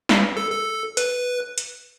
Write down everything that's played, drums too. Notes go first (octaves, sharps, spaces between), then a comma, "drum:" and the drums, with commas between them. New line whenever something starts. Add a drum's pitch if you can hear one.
drum: snare
A4
A4
B4, drum: hi-hat
drum: hi-hat